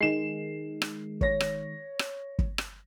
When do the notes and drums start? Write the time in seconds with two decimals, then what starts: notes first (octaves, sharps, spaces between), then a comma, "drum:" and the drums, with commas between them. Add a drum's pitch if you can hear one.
0.01 D#3 G#3 C7 E7
0.82 drum: rim click
1.21 C#5 A#6, drum: kick
1.40 drum: rim click
1.99 drum: rim click
2.39 drum: kick
2.58 drum: rim click